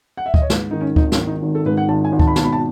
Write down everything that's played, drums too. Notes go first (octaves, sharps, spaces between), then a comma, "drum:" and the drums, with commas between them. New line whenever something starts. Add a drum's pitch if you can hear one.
F#5
E5
D#5, drum: kick D2
C#5
G#2 B4, drum: snare
D#3 D#4
C#4
G#1 D#4, drum: kick D2
C#4, drum: snare
D#3
D#4
G#1
A4
G#2 B4
F#5
G#1 A5
G#5
G#1
A5, drum: kick D2
B5
B2 A5, drum: snare
B5
A5